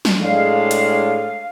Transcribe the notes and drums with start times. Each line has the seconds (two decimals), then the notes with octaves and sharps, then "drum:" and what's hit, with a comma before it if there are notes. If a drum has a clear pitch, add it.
0.05 drum: snare
0.21 A2 G#3 D4 F5
0.71 drum: hi-hat